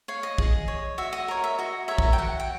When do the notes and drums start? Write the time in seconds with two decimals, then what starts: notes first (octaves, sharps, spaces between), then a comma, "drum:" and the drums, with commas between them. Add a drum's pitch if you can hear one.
0.08 C#5 F5
0.23 D#5
0.38 G#4, drum: kick
0.68 C#5
0.98 F#4 E5
1.13 D#5
1.28 A#4 C#5
1.44 E5
1.59 F#4 D#5
1.88 A#4 C#5 E5
1.98 drum: kick
2.13 G5
2.18 F#4 F#5
2.40 G5